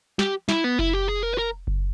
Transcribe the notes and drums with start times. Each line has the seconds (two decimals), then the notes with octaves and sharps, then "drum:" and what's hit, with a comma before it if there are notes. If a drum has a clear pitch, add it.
0.19 G4, drum: snare
0.49 E4, drum: snare
0.64 B3
0.79 E4, drum: kick F#1
0.93 G4
1.08 G#4
1.23 A#4
1.33 B4
1.38 A#4
1.67 drum: kick F#1